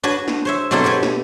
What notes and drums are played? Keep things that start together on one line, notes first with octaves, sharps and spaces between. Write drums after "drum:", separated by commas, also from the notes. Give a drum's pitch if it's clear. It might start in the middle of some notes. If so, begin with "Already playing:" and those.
D4 F#4 B4 C#5
drum: snare
C5 C#5 E5
B2 F#3 C4 D4 E4 A4
G4 B4 C#5 G5
drum: snare